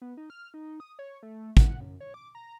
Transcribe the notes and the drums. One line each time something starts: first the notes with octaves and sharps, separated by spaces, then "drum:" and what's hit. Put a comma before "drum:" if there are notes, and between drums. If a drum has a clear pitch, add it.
B3
D#4
F6
D#4
D#6
C#5
A3
F#5, drum: kick
F#2
C#5
D6
A#5